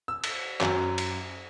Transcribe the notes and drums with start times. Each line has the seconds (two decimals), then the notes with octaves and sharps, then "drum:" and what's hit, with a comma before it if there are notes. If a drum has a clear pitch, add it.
0.08 E6
0.24 drum: cymbal
0.61 F#2, drum: clap
0.98 drum: cymbal